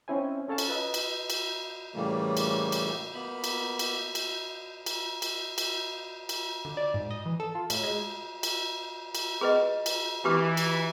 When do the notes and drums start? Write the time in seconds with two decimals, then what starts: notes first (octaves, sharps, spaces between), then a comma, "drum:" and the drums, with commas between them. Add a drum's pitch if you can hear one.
0.08 C4 C#4 D#4 E4 C5 G#5
0.49 C#4 A4 C#5 F5 A5
0.58 drum: cymbal
0.69 B4 D#5
0.94 drum: cymbal
1.30 drum: cymbal
1.94 A2 C#3 E3 G3 A3 A#3
2.37 drum: cymbal
2.72 drum: cymbal
3.13 A#3 B3 B5
3.44 drum: cymbal
3.79 drum: cymbal
4.15 drum: cymbal
4.86 drum: cymbal
5.22 drum: cymbal
5.58 drum: cymbal
6.29 drum: cymbal
6.65 D3
6.77 D5
6.94 G#2
7.11 D#5
7.26 E3
7.40 A4
7.55 F4
7.70 A2, drum: cymbal
7.83 G#3
8.43 drum: cymbal
9.15 drum: cymbal
9.41 G#4 B4 D#5
9.86 drum: cymbal
10.25 E3 G4 B4 D6
10.57 drum: cymbal